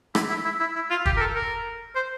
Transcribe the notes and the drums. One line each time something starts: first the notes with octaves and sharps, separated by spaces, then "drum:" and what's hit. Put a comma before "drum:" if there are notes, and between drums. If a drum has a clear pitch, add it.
E4, drum: rim click
E4
E4
E4
E4
F4
G4, drum: kick
A#4
A4
A#4
C5